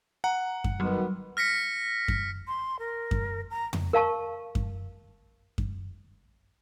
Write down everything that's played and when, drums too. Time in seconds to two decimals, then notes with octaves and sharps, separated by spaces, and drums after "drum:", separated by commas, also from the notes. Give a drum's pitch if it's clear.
0.24 F#5 A#5
0.64 drum: kick F#2
0.80 D#3 F#3 G3 B3 F#4
1.37 F6 A#6 B6 C#7
2.08 drum: kick F#2
2.47 C6
2.79 A#4
3.11 drum: kick F#2
3.51 A#5
3.73 drum: tom F2
3.93 A#4 F5 A5 C#6
4.55 drum: kick F#2
5.58 drum: kick F#2